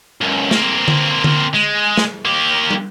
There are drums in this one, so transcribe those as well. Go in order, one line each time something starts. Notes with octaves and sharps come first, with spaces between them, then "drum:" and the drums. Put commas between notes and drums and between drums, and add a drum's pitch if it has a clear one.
C#2 F#2
A#3 C4, drum: snare
drum: tom D3
drum: tom D3
G#3
drum: snare
A#3 G4
drum: tom